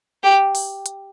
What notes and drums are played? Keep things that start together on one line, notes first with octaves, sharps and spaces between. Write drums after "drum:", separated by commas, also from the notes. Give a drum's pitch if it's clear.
G4
drum: open hi-hat
drum: hi-hat